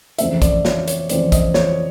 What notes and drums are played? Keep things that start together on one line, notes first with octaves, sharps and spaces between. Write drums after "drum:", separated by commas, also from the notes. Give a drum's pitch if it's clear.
F2 C#3 E3 A3 C4 E5, drum: hi-hat
D5, drum: kick A#1, hi-hat
C#5, drum: snare
C#5, drum: hi-hat
F2 C#3 E3 A3 C4 D5, drum: hi-hat
D#5, drum: kick A#1, hi-hat
C#5, drum: snare